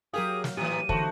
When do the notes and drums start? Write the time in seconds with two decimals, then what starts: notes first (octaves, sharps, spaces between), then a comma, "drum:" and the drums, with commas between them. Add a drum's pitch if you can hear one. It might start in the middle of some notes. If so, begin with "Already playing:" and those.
0.14 F#3 G4 G#4 A#4 F5 D#6
0.44 drum: snare
0.57 A2 E3 G4 D#7
0.89 D#2 D3 E3 A3 F#4 C5, drum: kick